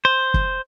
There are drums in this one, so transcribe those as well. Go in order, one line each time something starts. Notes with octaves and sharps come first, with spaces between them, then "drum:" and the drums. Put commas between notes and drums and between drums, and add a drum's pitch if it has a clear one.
C5
drum: kick